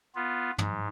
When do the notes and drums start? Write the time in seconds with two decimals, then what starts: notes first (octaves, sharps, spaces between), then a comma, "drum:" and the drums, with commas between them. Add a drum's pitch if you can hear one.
0.15 B3 F4
0.58 G#2, drum: tom